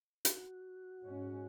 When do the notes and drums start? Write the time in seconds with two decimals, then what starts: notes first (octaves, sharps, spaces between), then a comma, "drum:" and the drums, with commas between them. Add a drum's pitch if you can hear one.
0.25 F#4, drum: hi-hat
1.02 G#2 G#3 C#4